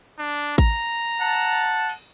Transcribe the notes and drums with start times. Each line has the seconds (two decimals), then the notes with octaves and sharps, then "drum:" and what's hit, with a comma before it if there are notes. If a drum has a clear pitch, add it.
0.19 D4
0.58 A#5, drum: kick A1
1.19 F#5 A5
1.89 drum: open hi-hat